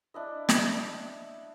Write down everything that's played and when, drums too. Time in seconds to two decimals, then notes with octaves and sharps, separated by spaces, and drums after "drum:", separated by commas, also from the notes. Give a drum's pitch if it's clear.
0.14 D4 E4 D#5
0.49 drum: snare